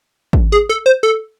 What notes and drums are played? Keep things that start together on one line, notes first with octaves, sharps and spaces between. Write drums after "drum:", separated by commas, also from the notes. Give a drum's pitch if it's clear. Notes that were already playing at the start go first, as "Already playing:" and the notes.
drum: kick
G#4
A4
C5
A4